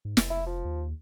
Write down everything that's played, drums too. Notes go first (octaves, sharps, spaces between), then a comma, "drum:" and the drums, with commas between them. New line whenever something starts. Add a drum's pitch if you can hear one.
G#2
F1, drum: snare
E4
F3
D#2